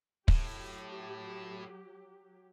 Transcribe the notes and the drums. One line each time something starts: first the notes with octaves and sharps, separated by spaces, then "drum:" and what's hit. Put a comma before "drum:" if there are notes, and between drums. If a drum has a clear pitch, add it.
A2 F#3 G4, drum: kick